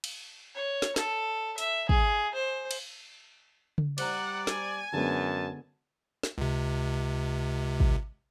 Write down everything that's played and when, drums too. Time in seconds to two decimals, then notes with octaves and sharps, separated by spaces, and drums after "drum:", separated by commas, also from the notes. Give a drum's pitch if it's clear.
0.04 drum: cymbal
0.55 C#5
0.82 drum: snare
0.96 A4, drum: snare
1.58 E5, drum: hi-hat
1.89 G#4, drum: kick
2.34 C5
2.71 drum: cymbal
3.78 drum: tom C#3
3.98 G3 C5 D5 F#5 A#5, drum: cymbal
4.47 G#5, drum: snare
4.93 F#2 D3 G#3 B3 A5
6.23 drum: snare
6.38 C#2 C3
7.80 drum: kick